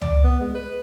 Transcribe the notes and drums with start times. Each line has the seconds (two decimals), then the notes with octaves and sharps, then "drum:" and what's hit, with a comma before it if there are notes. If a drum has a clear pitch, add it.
0.02 D5, drum: tom C#2
0.24 B3
0.41 G#3
0.55 B4